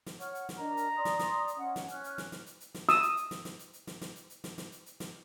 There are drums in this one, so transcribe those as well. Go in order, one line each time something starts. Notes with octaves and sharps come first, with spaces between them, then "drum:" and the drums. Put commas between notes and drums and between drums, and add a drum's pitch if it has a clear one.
drum: snare
C#5 F#5 F6, drum: hi-hat
drum: hi-hat
drum: snare
D4 A#4 D#5 A#5
drum: hi-hat
D5 C6 D#6
drum: snare
drum: snare
drum: hi-hat
C#4 D#5 F#5
drum: snare
C#4 G#5 F6 F#6, drum: hi-hat
drum: hi-hat
drum: snare
drum: snare
drum: hi-hat
drum: hi-hat
drum: snare
D#6 E6, drum: snare
drum: hi-hat
drum: hi-hat
drum: snare
drum: snare
drum: hi-hat
drum: hi-hat
drum: snare
drum: snare
drum: hi-hat
drum: hi-hat
drum: snare
drum: snare
drum: hi-hat
drum: hi-hat
drum: snare